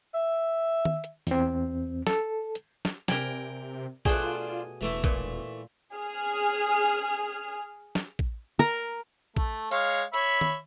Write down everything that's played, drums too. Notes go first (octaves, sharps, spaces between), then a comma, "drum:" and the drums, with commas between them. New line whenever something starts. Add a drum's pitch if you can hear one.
E5
drum: tom D#3
drum: hi-hat
E2 C4, drum: open hi-hat
A4, drum: snare
drum: hi-hat
drum: snare
C3 A#4 D5 G5 G#5 B5, drum: snare
B2 A3 D4 F4 G#4 C5, drum: kick
E1 E3 A3 E4
A#2, drum: kick
G#4 F6
drum: snare
drum: kick
A#4
A3, drum: kick
G#3 C#5 F5, drum: hi-hat
C#5 E5 B5, drum: hi-hat
drum: tom D#3